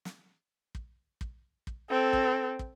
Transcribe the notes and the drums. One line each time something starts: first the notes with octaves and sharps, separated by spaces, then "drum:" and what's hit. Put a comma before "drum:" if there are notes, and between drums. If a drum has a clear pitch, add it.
drum: snare
drum: kick
drum: kick
drum: kick
C4 A4
drum: kick
drum: kick